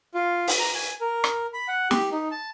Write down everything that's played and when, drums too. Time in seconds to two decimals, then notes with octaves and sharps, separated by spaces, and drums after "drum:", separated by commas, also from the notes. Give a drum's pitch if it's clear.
0.14 F4
0.48 drum: open hi-hat
0.59 A#5
0.75 G#5
1.01 A#4
1.24 drum: rim click
1.54 B5
1.68 F#5
1.91 G4, drum: snare
2.12 D#4
2.31 A5